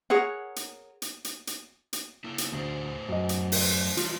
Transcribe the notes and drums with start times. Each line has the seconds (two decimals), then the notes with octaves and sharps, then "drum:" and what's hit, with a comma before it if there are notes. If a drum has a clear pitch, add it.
0.10 G#4 A#4 C#5 F#5
0.56 drum: hi-hat
1.02 drum: hi-hat
1.25 drum: hi-hat
1.47 drum: hi-hat
1.93 drum: hi-hat
2.24 A#3 E4
2.38 drum: hi-hat
2.52 D2 A3 G#4 C5
3.09 F#2 D#5
3.29 drum: hi-hat
3.52 drum: open hi-hat
3.97 E3 F3 G3 F4, drum: hi-hat